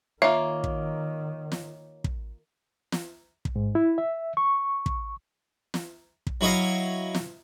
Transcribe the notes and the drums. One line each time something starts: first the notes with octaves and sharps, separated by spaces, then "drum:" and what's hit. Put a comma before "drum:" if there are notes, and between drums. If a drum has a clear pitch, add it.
D#3 A#3 F4 C#5 E5
drum: kick
drum: snare
drum: kick
drum: snare
drum: kick
G#2
E4
E5
C#6
drum: kick
drum: snare
drum: kick
F#3 E4 C#5 D#5 F5
drum: snare